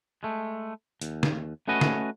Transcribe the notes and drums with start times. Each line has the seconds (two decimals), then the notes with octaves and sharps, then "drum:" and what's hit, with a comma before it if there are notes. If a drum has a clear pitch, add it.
0.23 G#3 A3
1.02 D#2, drum: hi-hat
1.23 drum: snare
1.68 A3 C#4 F#4 B4 D#5
1.81 drum: snare